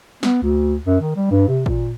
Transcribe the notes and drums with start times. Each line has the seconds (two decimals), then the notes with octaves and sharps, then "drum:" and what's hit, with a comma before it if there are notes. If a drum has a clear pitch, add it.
0.23 B3, drum: snare
0.42 D2
0.86 F#2
1.01 D#3
1.16 G3
1.31 G2
1.48 C3
1.66 A#2, drum: kick G#1